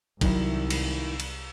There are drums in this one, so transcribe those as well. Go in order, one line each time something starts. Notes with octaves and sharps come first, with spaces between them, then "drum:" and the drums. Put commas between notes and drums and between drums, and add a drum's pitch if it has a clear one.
C2 D#3 F#3 E4, drum: kick, cymbal
drum: cymbal
drum: cymbal